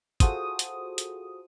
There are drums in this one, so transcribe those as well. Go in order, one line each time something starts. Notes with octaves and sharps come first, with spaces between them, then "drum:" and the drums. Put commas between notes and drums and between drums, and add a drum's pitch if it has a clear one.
F4 F#4 G#4 A4 C5 D#6, drum: kick, hi-hat
drum: hi-hat
drum: hi-hat